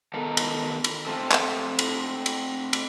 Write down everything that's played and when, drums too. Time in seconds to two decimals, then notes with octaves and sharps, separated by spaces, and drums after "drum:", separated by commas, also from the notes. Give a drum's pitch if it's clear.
0.14 D#3 B3 A4 A#4
0.37 drum: cymbal
0.84 drum: cymbal
1.07 A3 C4 A4
1.32 drum: clap
1.79 drum: cymbal
2.26 drum: cymbal
2.73 drum: cymbal